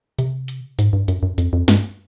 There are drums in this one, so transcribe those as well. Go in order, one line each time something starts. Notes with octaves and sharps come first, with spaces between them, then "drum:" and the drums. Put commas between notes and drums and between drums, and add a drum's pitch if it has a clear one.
C3, drum: hi-hat
drum: hi-hat
G#2, drum: hi-hat
G2
F#2, drum: hi-hat
F#2
F2, drum: hi-hat
F2
G2, drum: snare